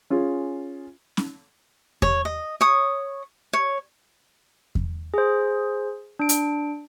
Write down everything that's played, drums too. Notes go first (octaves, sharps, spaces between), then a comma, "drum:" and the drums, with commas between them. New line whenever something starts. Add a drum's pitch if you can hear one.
C#4 F4 G#4
drum: snare C#4
C#5, drum: kick E2
D#5
C#5 D#6
C#5
drum: kick E2
G#4 C5
D4 D7
drum: hi-hat